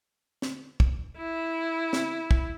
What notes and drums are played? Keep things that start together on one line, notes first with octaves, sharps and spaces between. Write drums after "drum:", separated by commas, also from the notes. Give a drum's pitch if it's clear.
drum: snare
drum: kick
E4
drum: snare
drum: kick